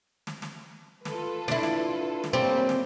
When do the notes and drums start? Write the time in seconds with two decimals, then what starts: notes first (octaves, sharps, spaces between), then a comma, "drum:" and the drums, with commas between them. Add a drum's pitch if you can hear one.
0.27 drum: snare
0.42 drum: snare
1.05 F4 A4 B4, drum: snare
1.48 D4 E4, drum: snare
1.63 drum: snare
2.24 drum: snare
2.33 C#3 G3 A3 A#3 C4
2.69 drum: snare